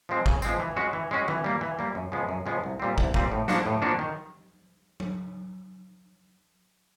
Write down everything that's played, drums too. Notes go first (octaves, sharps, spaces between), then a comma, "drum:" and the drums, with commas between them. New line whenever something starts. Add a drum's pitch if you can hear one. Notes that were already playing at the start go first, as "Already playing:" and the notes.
F3 G#3 C4
C#3, drum: kick
F3 G#3 C4, drum: tambourine
E3
G#3 C#4 F#4
E3
G#3 C#4 F#4
E3, drum: tom D#3
G3 A#3
E3
G3 A#3
F#2
C#3 F3 G#3 B3
F#2
C#3 F3 G#3 B3
C2
A#2 G3 C4
C2, drum: kick
A#2 G3 C4, drum: kick
A2
F3 A#3 D4 F#4, drum: snare
A2
F3 A#3 D4 F#4
D#3
drum: tom F#3